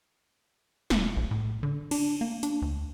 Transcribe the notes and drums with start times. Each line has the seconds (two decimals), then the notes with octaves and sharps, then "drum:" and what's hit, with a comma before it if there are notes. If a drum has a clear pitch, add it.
0.90 E1, drum: snare
1.17 A#1
1.31 A2
1.63 D3
1.91 D4, drum: cymbal
2.21 A#3
2.43 D4, drum: hi-hat
2.62 D2